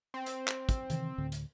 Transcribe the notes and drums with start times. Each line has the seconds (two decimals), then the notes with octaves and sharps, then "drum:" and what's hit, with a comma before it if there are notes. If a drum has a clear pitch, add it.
0.14 C4
0.26 drum: hi-hat
0.48 drum: clap
0.69 drum: kick, hi-hat
0.90 C3 D#3 E3, drum: hi-hat
1.18 D2 A2 D3
1.32 drum: hi-hat